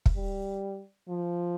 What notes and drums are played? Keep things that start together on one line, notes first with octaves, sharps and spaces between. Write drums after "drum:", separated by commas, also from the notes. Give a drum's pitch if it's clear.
drum: kick
G3
F3